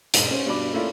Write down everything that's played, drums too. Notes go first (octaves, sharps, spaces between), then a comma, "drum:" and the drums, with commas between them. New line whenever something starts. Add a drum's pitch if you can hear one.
E1 G#2, drum: hi-hat
C#4 C5
G2 B2 D4 B5 D6
A3 A#3 C#4 E4 F4 D5